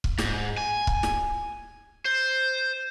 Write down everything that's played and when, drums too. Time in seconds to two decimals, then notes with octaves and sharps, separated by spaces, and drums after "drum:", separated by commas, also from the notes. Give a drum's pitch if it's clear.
0.04 drum: kick
0.18 G#2, drum: snare
0.57 G#5
0.87 drum: kick
1.03 drum: snare
2.05 C5